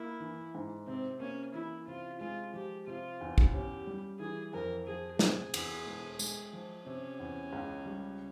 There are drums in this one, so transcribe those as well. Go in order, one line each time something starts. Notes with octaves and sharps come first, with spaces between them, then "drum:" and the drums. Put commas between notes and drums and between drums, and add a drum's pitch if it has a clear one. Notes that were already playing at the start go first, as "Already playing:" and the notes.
Already playing: A#3 E4
E3
G#2
C3 C4
A#3 C#4
E3 E4
C3 F4
G#3 F4
F3 G4
C3 F4
E2
drum: kick
C#4 G4
G3
E3 G#4
F2 A#4
F3 G#4
C3 G#4, drum: snare
E2, drum: cymbal
E1
G#3, drum: tambourine
F3
C3 C#4
E2
C#2
G3